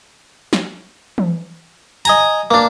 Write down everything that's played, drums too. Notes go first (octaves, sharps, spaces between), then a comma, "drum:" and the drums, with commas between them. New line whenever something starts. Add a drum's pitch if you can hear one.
drum: snare
drum: tom E3
D#5 G#5 A#5, drum: hi-hat
A#3 D4